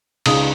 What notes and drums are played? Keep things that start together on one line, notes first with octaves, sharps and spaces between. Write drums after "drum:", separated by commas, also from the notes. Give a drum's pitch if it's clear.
C#2 C#3 G#3 D#4 D#6, drum: cymbal